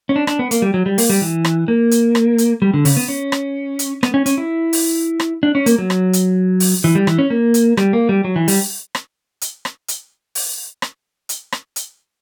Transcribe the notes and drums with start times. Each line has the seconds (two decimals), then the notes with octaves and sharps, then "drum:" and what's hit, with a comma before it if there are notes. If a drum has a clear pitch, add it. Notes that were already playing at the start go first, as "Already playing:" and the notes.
0.09 C#4
0.16 D4
0.27 D4, drum: rim click
0.39 B3
0.51 A#3, drum: hi-hat
0.62 G3
0.74 F#3
0.86 G3
0.98 A#3, drum: open hi-hat
1.10 G3
1.22 E3
1.45 drum: rim click
1.68 A#3
1.91 drum: hi-hat
2.15 drum: rim click
2.38 drum: hi-hat
2.62 G3
2.74 D3
2.85 C#3, drum: open hi-hat
2.97 B3
3.08 C#4
3.32 drum: rim click
3.79 drum: hi-hat
4.03 B3, drum: rim click
4.14 C#4
4.26 C#4, drum: hi-hat
4.38 E4
4.73 drum: open hi-hat
5.20 drum: rim click
5.43 D4
5.55 C#4
5.66 A#3, drum: hi-hat
5.78 F#3
5.90 drum: rim click
6.13 drum: hi-hat
6.60 drum: open hi-hat
6.84 E3
6.95 G3
7.07 E3, drum: rim click
7.18 C#4
7.30 A#3
7.54 drum: hi-hat
7.77 G3, drum: rim click
7.93 A#3
8.09 G3
8.24 F#3
8.36 E3
8.48 G3, drum: open hi-hat
8.95 drum: rim click
9.41 drum: hi-hat
9.65 drum: rim click
9.88 drum: hi-hat
10.35 drum: open hi-hat
10.82 drum: rim click
11.29 drum: hi-hat
11.52 drum: rim click
11.76 drum: hi-hat